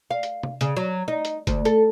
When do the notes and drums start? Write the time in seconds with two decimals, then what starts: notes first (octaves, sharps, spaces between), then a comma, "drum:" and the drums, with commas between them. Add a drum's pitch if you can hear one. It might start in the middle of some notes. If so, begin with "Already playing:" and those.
0.10 F5
0.23 drum: hi-hat
0.43 drum: tom
0.61 C#3, drum: hi-hat
0.77 F#3
1.08 D#4
1.25 drum: hi-hat
1.47 D2, drum: kick F#1, hi-hat
1.65 A4, drum: hi-hat